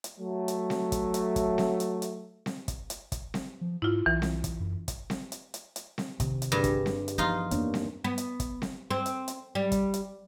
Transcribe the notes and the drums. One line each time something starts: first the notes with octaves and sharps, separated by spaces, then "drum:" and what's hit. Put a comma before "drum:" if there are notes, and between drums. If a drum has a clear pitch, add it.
drum: hi-hat
F#3 A3
drum: hi-hat
drum: snare C4
drum: kick, hi-hat
drum: hi-hat
drum: kick, hi-hat
drum: snare C4
drum: hi-hat
drum: hi-hat
drum: snare C4
drum: kick, hi-hat
drum: hi-hat
drum: kick, hi-hat
drum: snare C4
F3
G#2 E4 F4
B1 E3
drum: snare C4
drum: kick, hi-hat
F#2
drum: kick, hi-hat
drum: snare C4
drum: hi-hat
drum: hi-hat
drum: hi-hat
drum: snare C4
C3 D#3, drum: kick, hi-hat
drum: hi-hat
G2 D3 G4 G#4
drum: kick, hi-hat
drum: snare C4
drum: hi-hat
E3 F3 B3 D#4 F4
F2 A#3 B3 D4 C#5, drum: hi-hat
drum: snare C4
B3
drum: hi-hat
drum: kick, hi-hat
drum: snare C4
C4
drum: hi-hat
drum: hi-hat
G3
drum: kick, hi-hat
drum: hi-hat